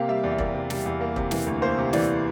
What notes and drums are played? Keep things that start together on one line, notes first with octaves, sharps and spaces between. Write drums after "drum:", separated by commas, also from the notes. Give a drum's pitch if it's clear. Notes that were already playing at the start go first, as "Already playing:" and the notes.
Already playing: C3 A#3 F5 G5
G3 E5
E2 D5
E5
A#3 D5, drum: kick E1
C3
G3, drum: snare
E2
A#3
C3, drum: kick E1
E3, drum: snare
D2
A#3 C5
C3
E3 D5, drum: snare